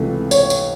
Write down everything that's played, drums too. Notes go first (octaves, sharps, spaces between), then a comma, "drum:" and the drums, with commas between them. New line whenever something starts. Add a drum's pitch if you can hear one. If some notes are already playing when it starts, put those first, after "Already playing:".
Already playing: C#2 C3 E3 A3
C#5, drum: tambourine
drum: tambourine